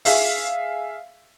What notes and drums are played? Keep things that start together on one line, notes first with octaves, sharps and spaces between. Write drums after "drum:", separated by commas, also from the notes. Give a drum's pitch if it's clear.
G#4 E5 F5, drum: open hi-hat